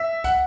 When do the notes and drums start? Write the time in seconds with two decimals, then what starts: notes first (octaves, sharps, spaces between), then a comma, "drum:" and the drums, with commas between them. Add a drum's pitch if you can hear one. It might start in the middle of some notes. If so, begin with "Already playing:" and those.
Already playing: E5
0.24 F#5, drum: kick, hi-hat